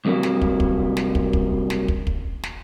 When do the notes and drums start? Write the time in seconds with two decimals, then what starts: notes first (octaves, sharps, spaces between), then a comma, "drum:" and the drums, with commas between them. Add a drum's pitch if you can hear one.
0.05 C2 F#2 C3 F#3 A#3
0.23 drum: snare
0.42 drum: kick
0.60 drum: kick
0.97 drum: snare
1.15 drum: kick
1.33 drum: kick
1.70 drum: snare
1.88 drum: kick
2.07 drum: kick
2.43 drum: snare